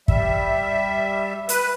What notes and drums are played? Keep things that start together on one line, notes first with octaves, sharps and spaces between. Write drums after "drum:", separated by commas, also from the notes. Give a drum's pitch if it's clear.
G3 E5, drum: kick
B4, drum: hi-hat